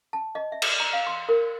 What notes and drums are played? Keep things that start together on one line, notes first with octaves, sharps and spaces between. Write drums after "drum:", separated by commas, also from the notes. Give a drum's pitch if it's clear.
A5
D#5
E5
drum: cymbal
A#5
F5
C6
A#4